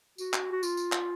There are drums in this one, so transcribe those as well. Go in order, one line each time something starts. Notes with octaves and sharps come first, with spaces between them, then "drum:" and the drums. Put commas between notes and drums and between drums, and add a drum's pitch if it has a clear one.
F#4, drum: tambourine
drum: clap
F#4
F4, drum: tambourine
drum: tambourine
drum: clap